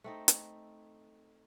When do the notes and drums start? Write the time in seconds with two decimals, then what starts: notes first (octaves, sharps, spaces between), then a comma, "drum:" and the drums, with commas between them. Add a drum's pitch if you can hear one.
0.04 A3 C4 D#4
0.28 drum: hi-hat